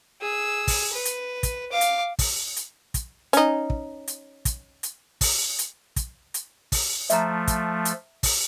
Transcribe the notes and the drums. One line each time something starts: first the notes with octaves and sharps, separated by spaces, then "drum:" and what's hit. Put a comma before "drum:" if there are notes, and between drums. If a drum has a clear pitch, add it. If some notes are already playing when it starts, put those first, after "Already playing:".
G#4 E6
drum: kick, open hi-hat
B4
drum: hi-hat
drum: kick, hi-hat
F5 D6
drum: hi-hat
drum: kick, open hi-hat
drum: hi-hat
drum: kick, hi-hat
C#4 D#4, drum: hi-hat
drum: kick
drum: hi-hat
drum: kick, hi-hat
drum: hi-hat
drum: kick, open hi-hat
drum: hi-hat
drum: kick, hi-hat
drum: hi-hat
drum: kick, open hi-hat
F3 A3 E5 A#5, drum: hi-hat
drum: kick, hi-hat
drum: hi-hat
drum: kick, open hi-hat